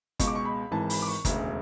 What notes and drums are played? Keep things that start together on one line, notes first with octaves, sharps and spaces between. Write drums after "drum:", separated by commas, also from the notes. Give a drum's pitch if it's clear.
C#2 B2 G#3 C#6, drum: kick G1, hi-hat
D6
C#6
B5
G#1 G#2 E3 A5
B5, drum: open hi-hat
D6
C#6
E1 D2 C#3 G#3, drum: kick G1, hi-hat